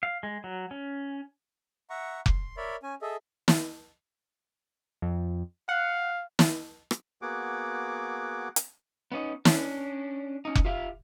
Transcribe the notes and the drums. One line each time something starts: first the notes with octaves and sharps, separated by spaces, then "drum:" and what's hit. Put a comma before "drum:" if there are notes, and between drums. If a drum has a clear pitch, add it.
F5
G#3
F#3
C#4
E5 F#5 A#5 C#6
C6, drum: kick F1
A#4 C#5 D5 E5 B5
C#4 G#5
G#4 A4 D#5 E5
drum: snare
F2
F5 F#5
drum: snare
drum: rim click
A#3 B3 F#4 G#4 F#5 D6
drum: hi-hat
B3 C#4 D#4
C#4 D4, drum: snare
C#4 D#4
drum: kick F1
F4 G4 E5 F5